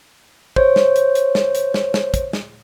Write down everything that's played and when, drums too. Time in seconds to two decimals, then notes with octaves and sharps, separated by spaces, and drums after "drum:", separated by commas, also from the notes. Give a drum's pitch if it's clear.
0.56 C5 C#5, drum: kick
0.76 drum: snare
0.96 drum: hi-hat
1.15 drum: hi-hat
1.35 drum: snare
1.55 drum: hi-hat
1.74 drum: snare
1.94 drum: snare
2.14 drum: kick, hi-hat
2.33 drum: snare